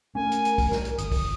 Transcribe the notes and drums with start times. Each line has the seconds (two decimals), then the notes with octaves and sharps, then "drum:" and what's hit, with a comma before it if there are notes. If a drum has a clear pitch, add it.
0.15 A3 C#4 A#4 G#5
0.32 drum: hi-hat
0.45 drum: hi-hat
0.58 drum: kick, open hi-hat
0.72 drum: snare
0.85 drum: hi-hat
0.98 G1 D#6, drum: hi-hat
1.12 drum: kick, open hi-hat